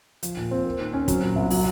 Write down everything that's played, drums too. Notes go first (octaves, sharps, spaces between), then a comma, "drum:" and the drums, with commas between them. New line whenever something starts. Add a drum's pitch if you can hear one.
F3, drum: hi-hat
A#2
C4
A#3
D#3
C#4
F#3, drum: kick, hi-hat
A#2
C2
F#3, drum: open hi-hat